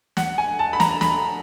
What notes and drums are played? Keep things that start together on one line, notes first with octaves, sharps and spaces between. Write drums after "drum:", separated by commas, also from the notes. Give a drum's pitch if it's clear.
F#5, drum: snare
G#5
A5
B5
A#5, drum: snare
B5, drum: snare